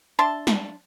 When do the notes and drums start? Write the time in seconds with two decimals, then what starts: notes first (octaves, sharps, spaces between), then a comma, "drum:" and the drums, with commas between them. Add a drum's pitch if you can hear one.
0.19 D4 E5 A5 C6
0.47 drum: snare